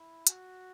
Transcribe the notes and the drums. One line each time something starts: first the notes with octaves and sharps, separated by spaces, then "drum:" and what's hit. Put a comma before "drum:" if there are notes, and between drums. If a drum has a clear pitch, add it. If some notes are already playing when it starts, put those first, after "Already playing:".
Already playing: E4
F#4, drum: hi-hat